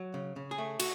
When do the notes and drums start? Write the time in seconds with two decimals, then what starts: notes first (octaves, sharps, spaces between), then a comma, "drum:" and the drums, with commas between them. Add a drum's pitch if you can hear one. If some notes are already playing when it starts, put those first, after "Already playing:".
Already playing: F#3
0.14 C#3
0.36 C#3
0.51 G#4
0.58 A3
0.80 F#4, drum: cymbal